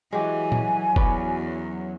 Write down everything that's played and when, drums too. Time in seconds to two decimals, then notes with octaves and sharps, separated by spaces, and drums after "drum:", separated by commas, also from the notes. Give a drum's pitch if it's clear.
0.13 E3 F#3 G#3 G4 G#5
0.52 drum: tom A#2
0.96 E2 C#4 B4 D5, drum: kick